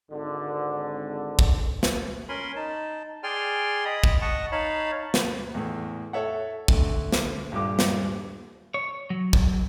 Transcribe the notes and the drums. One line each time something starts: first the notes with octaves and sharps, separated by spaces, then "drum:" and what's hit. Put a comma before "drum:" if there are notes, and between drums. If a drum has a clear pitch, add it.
G#1 D3
drum: kick
drum: snare
C#4 A#4 G#5 B5 C6
D#4 A5
G#4 D5 G5 G#5 C6 F6
D#5 B5 D#6
drum: kick
D#5 F#5 A5 C#6 D#6
D#4 C#5 F5 A5 B5
drum: snare
E2 A2
A4 C#5 E5 F#5
D3 A3, drum: kick
drum: snare
D#1 G2 D6
drum: snare
C#5
F#3
drum: kick